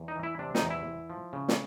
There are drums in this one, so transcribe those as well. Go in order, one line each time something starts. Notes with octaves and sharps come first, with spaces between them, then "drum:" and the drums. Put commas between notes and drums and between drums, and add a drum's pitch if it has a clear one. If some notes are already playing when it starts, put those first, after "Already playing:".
Already playing: E2
D#4
E3
E4
C3 D4
D#4, drum: snare
E2
E4
E2
F3
C#3
drum: snare